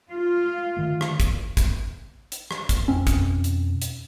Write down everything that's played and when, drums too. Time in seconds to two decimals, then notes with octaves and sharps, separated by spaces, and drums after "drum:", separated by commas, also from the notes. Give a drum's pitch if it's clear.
0.10 F4
0.77 D3 D#3 A3
1.01 drum: rim click
1.20 drum: kick, hi-hat
1.57 drum: kick, hi-hat
2.32 drum: hi-hat
2.51 drum: rim click
2.69 drum: kick, hi-hat
2.88 F2 B2 C4 C#4
3.07 drum: kick, hi-hat
3.44 drum: hi-hat
3.82 drum: hi-hat